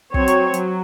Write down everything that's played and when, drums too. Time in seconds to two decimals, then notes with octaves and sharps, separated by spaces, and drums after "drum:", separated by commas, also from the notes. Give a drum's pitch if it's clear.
0.14 F#3 C4 C#5, drum: kick
0.28 drum: hi-hat
0.54 F#3, drum: hi-hat